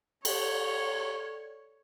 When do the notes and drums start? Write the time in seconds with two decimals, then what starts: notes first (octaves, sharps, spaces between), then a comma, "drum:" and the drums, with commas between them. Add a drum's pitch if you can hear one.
0.25 A4 C#5 D5, drum: cymbal